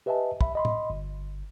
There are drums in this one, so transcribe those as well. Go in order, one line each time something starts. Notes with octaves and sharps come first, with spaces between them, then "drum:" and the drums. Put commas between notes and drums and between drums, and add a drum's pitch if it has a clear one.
G4 B4 D#5 E5 G#5 A5
E5 B5, drum: kick
D#5 B5 C6
drum: tom A2
G1